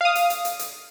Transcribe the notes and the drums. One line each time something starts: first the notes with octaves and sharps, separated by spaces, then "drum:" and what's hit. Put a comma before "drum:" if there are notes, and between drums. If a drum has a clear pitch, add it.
F5 D#6
drum: hi-hat
drum: hi-hat
drum: hi-hat
drum: hi-hat